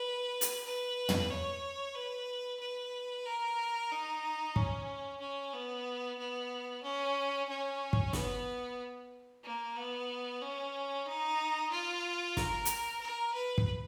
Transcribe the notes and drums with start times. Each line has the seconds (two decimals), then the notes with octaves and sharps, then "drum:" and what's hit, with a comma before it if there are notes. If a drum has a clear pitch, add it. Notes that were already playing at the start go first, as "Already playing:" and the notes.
Already playing: B4
0.41 drum: hi-hat
0.65 B4
1.09 drum: tom
1.31 C#5
1.95 B4
2.60 B4
3.25 A#4
3.91 D#4
4.56 C#4, drum: kick
5.20 C#4
5.53 B3
6.18 B3
6.83 C#4
7.49 C#4
7.93 drum: kick
8.13 B3, drum: snare
9.44 A#3
9.76 B3
10.41 C#4
11.06 D#4
11.71 F4
12.37 A#4, drum: snare
12.65 drum: hi-hat
13.01 A#4
13.34 B4
13.58 drum: kick